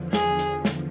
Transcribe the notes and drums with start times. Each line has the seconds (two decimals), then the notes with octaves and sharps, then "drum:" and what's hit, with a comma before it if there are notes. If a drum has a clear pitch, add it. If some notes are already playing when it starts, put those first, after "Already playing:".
Already playing: E2 D3 F3
0.13 G#4, drum: snare
0.39 drum: hi-hat
0.65 drum: snare